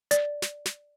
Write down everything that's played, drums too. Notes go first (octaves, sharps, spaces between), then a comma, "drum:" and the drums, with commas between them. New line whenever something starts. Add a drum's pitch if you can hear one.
D5, drum: hi-hat
drum: snare
drum: snare